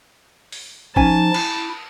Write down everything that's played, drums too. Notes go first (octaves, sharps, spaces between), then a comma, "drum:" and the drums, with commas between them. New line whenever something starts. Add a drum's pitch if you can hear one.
drum: open hi-hat
F3 C#4 D#4 G#5 A5, drum: kick
E4, drum: cymbal